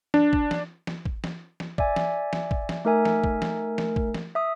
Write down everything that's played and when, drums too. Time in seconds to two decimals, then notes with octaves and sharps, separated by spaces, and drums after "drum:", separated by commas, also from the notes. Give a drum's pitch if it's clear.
0.14 D4, drum: snare
0.33 drum: kick G#1
0.51 drum: snare
0.87 drum: snare
1.05 drum: kick G#1
1.24 drum: snare
1.60 drum: snare
1.78 D5 E5 G#5, drum: kick G#1
1.96 drum: snare
2.33 drum: snare
2.51 drum: kick G#1
2.69 drum: snare
2.85 A3 D#4 A#4 E5 G#5
3.05 drum: snare
3.24 drum: kick G#1
3.42 drum: snare
3.78 drum: snare
3.96 drum: kick G#1
4.14 drum: snare
4.35 E5 D#6